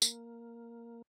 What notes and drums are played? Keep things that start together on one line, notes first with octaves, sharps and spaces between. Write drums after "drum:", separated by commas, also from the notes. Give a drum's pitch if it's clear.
A#3, drum: tambourine